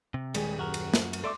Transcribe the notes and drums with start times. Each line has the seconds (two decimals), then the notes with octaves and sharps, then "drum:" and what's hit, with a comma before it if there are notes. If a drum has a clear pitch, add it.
0.14 C3
0.34 D#1 G3 G#3 G#4 G#5, drum: cymbal
0.58 F#2 F#4 A#4
0.74 drum: cymbal
0.94 drum: snare
1.13 drum: cymbal
1.24 A4 D5 E5 C6 D6